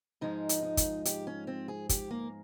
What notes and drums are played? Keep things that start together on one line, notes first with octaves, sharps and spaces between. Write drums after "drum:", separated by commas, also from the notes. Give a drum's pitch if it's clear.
G#2 F3 G#3 D#4
drum: hi-hat
D#4
drum: kick, hi-hat
G4, drum: hi-hat
C#4
C4
G#4
G4, drum: kick, hi-hat
A#3